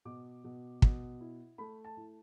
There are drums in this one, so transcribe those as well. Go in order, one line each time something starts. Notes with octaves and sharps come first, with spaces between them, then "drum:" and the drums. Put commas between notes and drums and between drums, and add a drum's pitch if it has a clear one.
B2 D6
B2
B2, drum: kick
E4
A3 B5
A5
E4